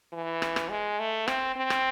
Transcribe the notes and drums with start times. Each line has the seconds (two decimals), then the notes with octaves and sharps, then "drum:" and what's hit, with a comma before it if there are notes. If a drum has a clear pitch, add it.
0.13 E3
0.42 drum: rim click
0.56 drum: rim click
0.70 G#3
0.99 A3
1.28 C4, drum: rim click
1.56 C4
1.70 drum: rim click